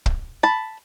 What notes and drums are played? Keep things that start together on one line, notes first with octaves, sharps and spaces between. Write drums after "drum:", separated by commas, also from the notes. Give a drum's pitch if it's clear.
drum: kick
A5 B5